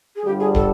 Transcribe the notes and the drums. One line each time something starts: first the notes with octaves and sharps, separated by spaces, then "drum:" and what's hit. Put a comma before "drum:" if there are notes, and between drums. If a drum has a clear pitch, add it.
G#4
G1 G2 D3 G3 G4
G#4
A4, drum: kick